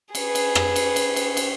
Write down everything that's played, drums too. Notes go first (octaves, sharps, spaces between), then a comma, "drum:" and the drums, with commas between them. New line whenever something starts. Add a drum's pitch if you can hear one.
G#4 B4, drum: cymbal
drum: cymbal
drum: rim click
drum: cymbal
drum: cymbal
drum: cymbal
drum: cymbal